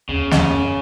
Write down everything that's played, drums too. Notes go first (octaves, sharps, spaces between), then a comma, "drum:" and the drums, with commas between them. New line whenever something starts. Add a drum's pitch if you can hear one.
E2 C#3
E2, drum: snare
F#2